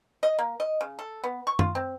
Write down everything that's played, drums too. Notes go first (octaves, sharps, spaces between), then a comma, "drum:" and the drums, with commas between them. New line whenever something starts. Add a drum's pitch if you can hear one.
D#5
A#3
D#5
C#3
A4
B3
C#6
F4, drum: tom F#2
C4